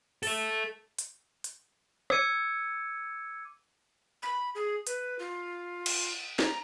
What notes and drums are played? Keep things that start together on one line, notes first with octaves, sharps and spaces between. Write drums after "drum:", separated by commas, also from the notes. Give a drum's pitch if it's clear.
A4 E5, drum: open hi-hat
drum: hi-hat
drum: hi-hat
D6 E6 G#6 C#7 D#7, drum: rim click
B5
G#4
B4, drum: hi-hat
F4
drum: cymbal
A#5, drum: snare